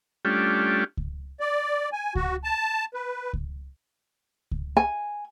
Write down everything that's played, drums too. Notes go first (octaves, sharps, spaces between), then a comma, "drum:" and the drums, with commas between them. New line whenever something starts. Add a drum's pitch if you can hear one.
G3 A3 C#4 D4 F4 G4
drum: kick C#2
D5
G#5
F#4, drum: kick C#2
A5
B4
drum: kick C#2
drum: kick C#2
G#5